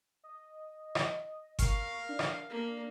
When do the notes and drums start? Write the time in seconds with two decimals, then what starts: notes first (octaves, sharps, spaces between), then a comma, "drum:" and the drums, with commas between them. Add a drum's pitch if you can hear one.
0.23 D#5
0.95 drum: rim click
1.59 A#4 F5 C#6, drum: kick G1, hi-hat
2.09 D4
2.19 drum: rim click
2.50 A#3